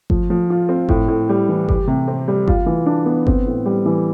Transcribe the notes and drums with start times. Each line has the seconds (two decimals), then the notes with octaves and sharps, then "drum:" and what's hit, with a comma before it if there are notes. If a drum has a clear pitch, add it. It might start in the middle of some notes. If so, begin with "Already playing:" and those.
0.10 F3, drum: kick G1
0.30 F3
0.50 F4
0.69 C4
0.89 A2, drum: kick G1
1.08 A2
1.29 G3
1.49 E3
1.69 G4, drum: kick G1
1.88 C3
2.08 C4
2.28 G3
2.48 F4, drum: kick G1
2.66 E3
2.86 D4
3.06 B3
3.27 C4, drum: kick G1
3.47 A2
3.66 G3
3.86 E3